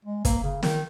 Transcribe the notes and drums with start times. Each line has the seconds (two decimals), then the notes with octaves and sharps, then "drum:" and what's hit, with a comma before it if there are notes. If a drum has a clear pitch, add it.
0.05 G#3
0.25 A#3, drum: kick, hi-hat
0.43 C#3
0.63 D#3, drum: snare